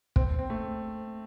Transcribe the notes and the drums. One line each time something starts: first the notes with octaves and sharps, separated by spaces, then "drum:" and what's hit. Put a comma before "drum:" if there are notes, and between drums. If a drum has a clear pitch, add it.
C4, drum: kick
C4
A3